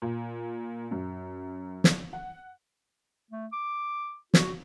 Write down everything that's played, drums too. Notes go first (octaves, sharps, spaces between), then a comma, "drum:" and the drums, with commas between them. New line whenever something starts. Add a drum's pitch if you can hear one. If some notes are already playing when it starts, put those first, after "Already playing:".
A#2
F#2
drum: snare
F#5
A3
D6
F#4, drum: snare